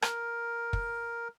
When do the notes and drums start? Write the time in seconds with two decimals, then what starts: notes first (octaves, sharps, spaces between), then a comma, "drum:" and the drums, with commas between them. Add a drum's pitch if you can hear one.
0.02 A#4, drum: rim click
0.73 drum: kick